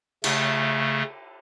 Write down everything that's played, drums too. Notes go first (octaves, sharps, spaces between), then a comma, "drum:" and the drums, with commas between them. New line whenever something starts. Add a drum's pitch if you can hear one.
C#3 A3, drum: cymbal